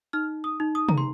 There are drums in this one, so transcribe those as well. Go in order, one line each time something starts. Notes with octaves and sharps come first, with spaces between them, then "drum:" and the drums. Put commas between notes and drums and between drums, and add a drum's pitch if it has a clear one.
D#4 F6
D#6
D#4
D#6
A#5, drum: tom C3
C6